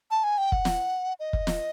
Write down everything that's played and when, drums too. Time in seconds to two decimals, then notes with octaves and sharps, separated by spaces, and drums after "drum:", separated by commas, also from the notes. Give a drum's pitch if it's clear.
0.11 A5
0.24 G#5
0.38 G5
0.52 F#5, drum: kick
0.65 drum: snare
1.20 D#5
1.33 drum: kick
1.47 drum: snare